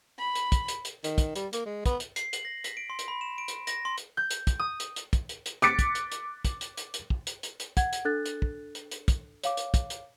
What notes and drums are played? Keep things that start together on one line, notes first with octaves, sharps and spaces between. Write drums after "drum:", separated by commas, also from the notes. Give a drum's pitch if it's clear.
B5
drum: hi-hat
drum: kick, hi-hat
drum: hi-hat
drum: hi-hat
D#3, drum: hi-hat
drum: kick, hi-hat
G3, drum: hi-hat
A#3, drum: hi-hat
G#3
B3, drum: kick, hi-hat
drum: hi-hat
C7, drum: hi-hat
F#7, drum: hi-hat
A#6
B6, drum: hi-hat
D7
C6
drum: hi-hat
B5
E7
D7
drum: hi-hat
A#6, drum: hi-hat
C6
drum: hi-hat
G6
drum: hi-hat
drum: kick, hi-hat
D#6
drum: hi-hat
drum: hi-hat
drum: kick, hi-hat
drum: hi-hat
drum: hi-hat
D6 F#6 A6 B6 C#7 D7, drum: hi-hat
drum: kick, hi-hat
drum: hi-hat
drum: hi-hat
drum: kick, hi-hat
drum: hi-hat
drum: hi-hat
drum: hi-hat
drum: kick
drum: hi-hat
drum: hi-hat
drum: hi-hat
F#5 G#6, drum: kick, hi-hat
drum: hi-hat
D4 A4 F#6 A6
drum: hi-hat
drum: kick
drum: hi-hat
drum: hi-hat
drum: kick, hi-hat
C#5 F5 D6, drum: hi-hat
drum: hi-hat
drum: kick, hi-hat
drum: hi-hat